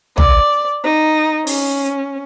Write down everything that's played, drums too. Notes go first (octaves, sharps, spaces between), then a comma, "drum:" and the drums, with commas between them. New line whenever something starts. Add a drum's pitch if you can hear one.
D5, drum: tom
D#4
C#4, drum: open hi-hat